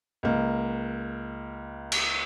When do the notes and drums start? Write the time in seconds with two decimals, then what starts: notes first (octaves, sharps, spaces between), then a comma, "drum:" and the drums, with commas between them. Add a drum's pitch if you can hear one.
0.23 C#2 A#3
1.92 drum: cymbal